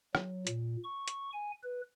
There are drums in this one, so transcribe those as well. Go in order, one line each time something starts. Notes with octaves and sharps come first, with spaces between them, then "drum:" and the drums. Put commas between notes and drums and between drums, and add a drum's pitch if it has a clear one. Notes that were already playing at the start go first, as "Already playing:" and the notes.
F#3, drum: rim click
A#2, drum: hi-hat
C#6
drum: hi-hat
G#5
B4